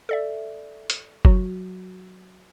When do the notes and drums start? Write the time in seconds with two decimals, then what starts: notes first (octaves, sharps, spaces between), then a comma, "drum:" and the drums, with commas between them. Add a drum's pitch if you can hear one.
0.09 A4 D5 E5
0.90 drum: hi-hat
1.25 F#3 F#4, drum: kick F#1